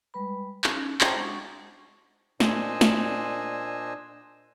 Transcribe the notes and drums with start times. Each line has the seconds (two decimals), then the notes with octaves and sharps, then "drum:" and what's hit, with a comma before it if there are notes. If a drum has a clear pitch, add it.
0.14 G3 G#3 B4 B5
0.64 C#4 D#4, drum: clap
1.01 C5 D#5 G5 A5 A#5 C6, drum: clap
1.16 G#3 D4 F#4 F#5 C#6
2.40 A#2 D4 C5 D#5 G#5 E6, drum: snare
2.81 drum: snare